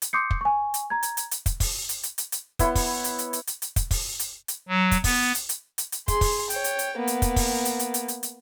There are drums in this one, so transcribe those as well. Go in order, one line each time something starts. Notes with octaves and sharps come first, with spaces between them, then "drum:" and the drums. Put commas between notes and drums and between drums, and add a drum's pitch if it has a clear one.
drum: hi-hat
C6 D6 D#6 G6 C7 C#7
drum: kick
G#5 C#6
drum: hi-hat
A#5 G#6
drum: hi-hat
drum: hi-hat
drum: hi-hat
drum: kick, hi-hat
drum: kick, open hi-hat
drum: hi-hat
drum: hi-hat
drum: hi-hat
drum: hi-hat
B3 E4 C#5 C6, drum: kick, hi-hat
drum: kick, open hi-hat
drum: hi-hat
drum: hi-hat
drum: hi-hat
drum: hi-hat
drum: hi-hat
drum: kick, hi-hat
drum: kick, open hi-hat
drum: hi-hat
drum: hi-hat
F#3
drum: kick, hi-hat
B3, drum: kick, open hi-hat
drum: hi-hat
drum: hi-hat
drum: hi-hat
drum: hi-hat
G#4 C6, drum: kick, hi-hat
drum: kick, open hi-hat
C#5 G5, drum: hi-hat
drum: hi-hat
drum: hi-hat
A#3 B3
drum: hi-hat
drum: kick, hi-hat
drum: kick, open hi-hat
drum: hi-hat
drum: hi-hat
drum: hi-hat
drum: hi-hat
drum: hi-hat